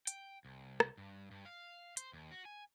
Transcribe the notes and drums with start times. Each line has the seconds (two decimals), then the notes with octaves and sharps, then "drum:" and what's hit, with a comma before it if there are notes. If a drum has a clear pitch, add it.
0.07 G5, drum: hi-hat
0.45 C2
0.80 drum: rim click
0.97 G2
1.31 G2
1.45 F5
1.97 C5, drum: hi-hat
2.13 D#2
2.31 F#4
2.45 G#5